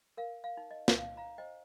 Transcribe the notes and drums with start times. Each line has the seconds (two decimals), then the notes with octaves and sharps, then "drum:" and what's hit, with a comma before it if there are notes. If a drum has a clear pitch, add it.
0.17 A#4 F5
0.44 F5
0.57 D#4
0.71 D#5
0.88 drum: snare
0.98 D#4 F5
1.17 F5 A#5
1.38 C5 D#5 G5